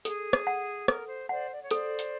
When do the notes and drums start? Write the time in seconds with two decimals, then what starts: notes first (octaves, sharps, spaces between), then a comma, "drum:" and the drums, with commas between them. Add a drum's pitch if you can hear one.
0.05 G#4 A4, drum: hi-hat
0.33 drum: rim click
0.47 F#5
0.88 A4 A#4, drum: rim click
1.09 C5
1.29 C5 D5 F#5
1.51 D5
1.61 C#5
1.71 A4 C5 D5, drum: hi-hat
1.99 drum: hi-hat